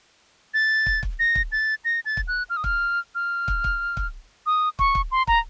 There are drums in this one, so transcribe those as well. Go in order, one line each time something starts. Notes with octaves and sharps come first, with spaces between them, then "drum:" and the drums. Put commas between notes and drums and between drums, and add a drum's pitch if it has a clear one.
A6
drum: kick
drum: kick
A#6
drum: kick
A6
A#6
A6
drum: kick
F#6
F6
D#6
F6, drum: kick
F6
drum: kick
drum: kick
drum: kick
D#6
C#6, drum: kick
drum: kick
C6
A#5, drum: kick